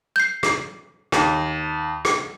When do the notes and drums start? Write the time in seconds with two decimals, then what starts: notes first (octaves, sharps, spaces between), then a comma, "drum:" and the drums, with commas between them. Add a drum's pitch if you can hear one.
0.16 G6 C7
0.43 drum: rim click
1.12 D#2, drum: rim click
2.05 drum: rim click